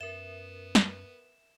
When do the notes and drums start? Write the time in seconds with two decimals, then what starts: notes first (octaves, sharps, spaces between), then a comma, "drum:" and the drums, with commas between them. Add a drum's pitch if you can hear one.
0.01 F#2 B3 A#4 E5 E7
0.75 drum: snare